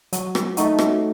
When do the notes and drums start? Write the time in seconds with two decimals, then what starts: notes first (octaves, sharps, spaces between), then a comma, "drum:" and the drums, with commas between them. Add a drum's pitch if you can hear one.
0.13 F#3, drum: hi-hat
0.35 drum: rim click
0.57 A3 D#4 F#4, drum: hi-hat
0.79 drum: rim click